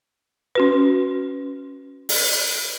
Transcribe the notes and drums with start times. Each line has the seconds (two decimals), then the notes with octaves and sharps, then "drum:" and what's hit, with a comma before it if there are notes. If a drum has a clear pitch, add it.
0.55 C#4 F#4 B4
2.09 drum: open hi-hat